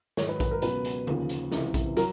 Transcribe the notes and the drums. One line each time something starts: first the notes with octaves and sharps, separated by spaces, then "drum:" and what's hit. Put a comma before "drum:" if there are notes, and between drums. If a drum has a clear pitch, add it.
G#2 D#3 F#3 C#5, drum: snare
B4
B4, drum: kick A#1, hi-hat
A#4
C#2 B2 F#3 B4, drum: hi-hat
drum: hi-hat
D#2 C#3 F3, drum: tom D3
drum: hi-hat
C#2 C3 E3, drum: snare
drum: kick A#1, hi-hat
F#3 A#4, drum: hi-hat